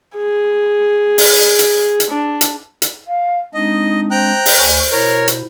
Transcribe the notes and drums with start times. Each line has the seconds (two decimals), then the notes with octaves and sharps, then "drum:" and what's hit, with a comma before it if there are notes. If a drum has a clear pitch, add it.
0.15 G#4
1.18 drum: open hi-hat
1.59 drum: hi-hat
2.00 drum: hi-hat
2.10 D4
2.41 drum: hi-hat
2.82 drum: hi-hat
3.07 F5
3.54 G#3 C4 D4 D#4 D#5
4.11 C5 G5 A#5 F#6
4.46 drum: open hi-hat
4.58 D2 G#5 C#6
4.92 B2 E4 A#4 C#5
5.28 drum: hi-hat